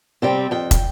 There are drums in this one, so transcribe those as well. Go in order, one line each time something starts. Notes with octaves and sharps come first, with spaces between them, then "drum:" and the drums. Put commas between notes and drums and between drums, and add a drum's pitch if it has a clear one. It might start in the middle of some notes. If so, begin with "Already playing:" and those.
C3 G3 C4 G5
F2 G5
drum: kick, hi-hat